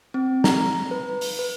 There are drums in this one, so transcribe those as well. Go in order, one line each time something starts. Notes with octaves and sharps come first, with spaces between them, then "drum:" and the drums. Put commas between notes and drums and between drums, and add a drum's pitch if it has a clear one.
C4
A#5, drum: snare
B4
drum: open hi-hat
B4